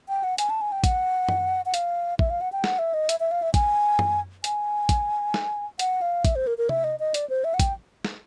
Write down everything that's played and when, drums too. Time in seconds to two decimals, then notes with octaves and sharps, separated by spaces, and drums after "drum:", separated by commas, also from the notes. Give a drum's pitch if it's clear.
0.09 G5
0.24 F#5
0.38 G#5, drum: hi-hat
0.50 A5
0.61 G#5
0.72 G5
0.84 F#5, drum: kick A1, hi-hat
1.29 drum: tom F#2
1.66 F#5
1.74 F5, drum: hi-hat
2.19 E5, drum: kick A1
2.30 F5
2.41 F#5
2.52 G5
2.64 F#5, drum: snare
2.79 E5
2.94 D#5
3.09 E5, drum: hi-hat
3.20 E5
3.31 F5
3.42 E5
3.54 G#5, drum: kick A1, hi-hat
3.99 drum: tom F#2
4.44 G#5, drum: hi-hat
4.89 drum: kick A1, hi-hat
5.34 drum: snare
5.79 F#5, drum: hi-hat
6.02 F5
6.25 E5, drum: kick A1, hi-hat
6.36 C5
6.47 A#4
6.58 A#4
6.69 E5, drum: tom C3
6.84 D#5
7.00 D#5
7.14 D5, drum: hi-hat
7.30 C5
7.44 E5
7.54 F#5
7.60 G5, drum: kick A1, hi-hat
8.05 drum: snare